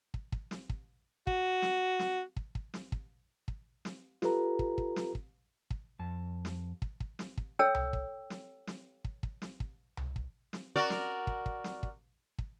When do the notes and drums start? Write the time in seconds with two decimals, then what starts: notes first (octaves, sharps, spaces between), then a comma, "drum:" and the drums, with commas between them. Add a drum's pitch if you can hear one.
0.14 drum: kick
0.32 drum: kick
0.51 drum: snare
0.69 drum: kick
1.27 F#4, drum: kick
1.62 drum: snare
1.99 drum: snare
2.36 drum: kick
2.55 drum: kick
2.74 drum: snare
2.92 drum: kick
3.48 drum: kick
3.85 drum: snare
4.22 F4 G4 A4 B4 A#5, drum: snare
4.59 drum: kick
4.78 drum: kick
4.96 drum: snare
5.15 drum: kick
5.70 drum: kick
5.99 F2 A5
6.45 drum: snare
6.82 drum: kick
7.00 drum: kick
7.19 drum: snare
7.37 drum: kick
7.59 A4 C#5 G5 E6
7.75 drum: tom C2
7.93 drum: kick
8.30 drum: snare
8.67 drum: snare
9.04 drum: kick
9.23 drum: kick
9.42 drum: snare
9.60 drum: kick
9.97 drum: tom C2
10.16 drum: kick
10.53 drum: snare
10.76 F#4 A#4 D5
10.90 drum: snare
11.27 drum: kick
11.46 drum: kick
11.64 drum: snare
11.83 drum: kick
12.38 drum: kick